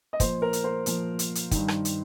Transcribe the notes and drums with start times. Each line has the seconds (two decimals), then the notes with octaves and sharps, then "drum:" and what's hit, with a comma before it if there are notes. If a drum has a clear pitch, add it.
0.13 D#5
0.20 A#2 F3 C5, drum: kick, hi-hat
0.42 A#4
0.53 drum: hi-hat
0.64 C5
0.86 A#2 F3, drum: hi-hat
1.19 drum: hi-hat
1.35 drum: hi-hat
1.51 G2 D#3, drum: kick, hi-hat
1.68 drum: rim click
1.85 drum: hi-hat